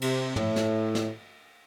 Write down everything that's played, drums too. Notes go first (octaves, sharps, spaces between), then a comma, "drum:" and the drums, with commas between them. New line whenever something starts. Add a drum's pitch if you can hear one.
C3, drum: cymbal
A2, drum: tom
drum: snare
drum: snare